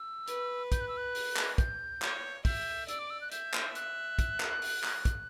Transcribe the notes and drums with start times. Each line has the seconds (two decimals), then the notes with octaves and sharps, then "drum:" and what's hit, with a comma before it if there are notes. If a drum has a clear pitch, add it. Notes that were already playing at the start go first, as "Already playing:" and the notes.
Already playing: E6
0.28 B4, drum: hi-hat
0.72 G6, drum: kick, hi-hat
0.81 F#6
0.88 E6
0.97 F#6
1.15 drum: open hi-hat
1.37 drum: clap
1.58 G6, drum: kick, hi-hat
2.02 C#5, drum: clap
2.45 E5 G6, drum: kick, open hi-hat
2.88 D5 E6, drum: hi-hat
2.99 D6
3.10 E6
3.21 F#6
3.32 E5 G6, drum: hi-hat
3.54 drum: clap
3.75 F#6, drum: hi-hat
4.19 drum: kick, hi-hat
4.40 drum: clap
4.62 drum: open hi-hat
4.84 drum: clap
5.05 drum: kick, hi-hat